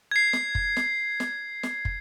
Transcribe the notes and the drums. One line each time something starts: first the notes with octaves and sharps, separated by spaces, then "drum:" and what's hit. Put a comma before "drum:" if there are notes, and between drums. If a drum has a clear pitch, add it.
G#6 C7
drum: snare
drum: kick
drum: snare
drum: snare
drum: snare
drum: kick